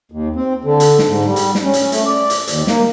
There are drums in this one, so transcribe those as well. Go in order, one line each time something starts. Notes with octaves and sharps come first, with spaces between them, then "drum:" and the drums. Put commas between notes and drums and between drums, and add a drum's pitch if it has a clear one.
D#2
C4
D3
drum: hi-hat
drum: snare
G#2
G3
drum: hi-hat
drum: snare
C#4
drum: hi-hat
A3, drum: hi-hat
D5
drum: hi-hat
D#2, drum: hi-hat
A#3, drum: snare